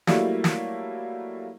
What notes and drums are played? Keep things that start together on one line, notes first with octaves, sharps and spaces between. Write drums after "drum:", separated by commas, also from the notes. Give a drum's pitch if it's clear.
F#3 G3 A3 A#3 E4, drum: snare
drum: snare